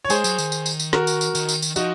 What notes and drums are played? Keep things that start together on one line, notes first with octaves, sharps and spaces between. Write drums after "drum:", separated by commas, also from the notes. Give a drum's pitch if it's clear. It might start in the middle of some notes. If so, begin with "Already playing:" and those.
C#5
G#3 G#4 C5, drum: tambourine
F#3, drum: tambourine
D#3, drum: tambourine
drum: tambourine
drum: tambourine
drum: tambourine
F#4 A#4, drum: snare
drum: tambourine
drum: tambourine
D#3, drum: tambourine
drum: tambourine
drum: tambourine
F3 D#4 F#4, drum: tambourine